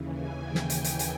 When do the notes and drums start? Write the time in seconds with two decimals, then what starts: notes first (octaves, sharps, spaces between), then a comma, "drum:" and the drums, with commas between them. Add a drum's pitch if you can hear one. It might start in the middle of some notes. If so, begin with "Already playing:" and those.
Already playing: D#2 C#3 E3
0.10 G#5
0.41 G5
0.55 drum: snare
0.70 drum: hi-hat
0.84 drum: hi-hat
0.99 drum: hi-hat